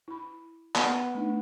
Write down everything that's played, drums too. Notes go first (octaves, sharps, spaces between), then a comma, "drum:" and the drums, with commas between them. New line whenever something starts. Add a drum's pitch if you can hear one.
E4 B5
B3, drum: clap
A3 D4 D#4